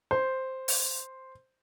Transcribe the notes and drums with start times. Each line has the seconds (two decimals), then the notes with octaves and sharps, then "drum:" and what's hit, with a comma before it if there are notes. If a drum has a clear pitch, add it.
0.11 C5
0.68 drum: open hi-hat